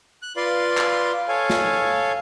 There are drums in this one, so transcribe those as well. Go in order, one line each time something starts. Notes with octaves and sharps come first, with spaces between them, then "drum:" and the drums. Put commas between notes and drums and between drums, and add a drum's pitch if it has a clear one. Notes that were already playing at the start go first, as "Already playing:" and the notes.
F#6
F4 B4 D5 F5 C6
drum: clap
A4 C#5 F5 G#5
drum: snare